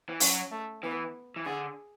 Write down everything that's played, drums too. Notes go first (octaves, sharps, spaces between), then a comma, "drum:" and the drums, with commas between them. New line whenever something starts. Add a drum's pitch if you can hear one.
E3
F#3 C#4, drum: open hi-hat
A3
E3 B3
E3
D3 G#4